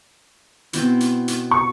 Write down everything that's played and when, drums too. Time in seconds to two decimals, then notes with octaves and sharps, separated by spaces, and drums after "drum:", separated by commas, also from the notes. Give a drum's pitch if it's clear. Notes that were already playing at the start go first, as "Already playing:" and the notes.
0.73 B2 C4 E4, drum: hi-hat
1.00 drum: hi-hat
1.28 drum: hi-hat
1.51 C#6